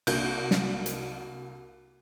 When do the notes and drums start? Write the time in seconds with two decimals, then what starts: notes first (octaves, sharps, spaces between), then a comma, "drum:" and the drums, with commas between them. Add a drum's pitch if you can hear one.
0.07 C2 A#3 D4 F#4 G6, drum: cymbal
0.51 drum: snare
0.86 drum: hi-hat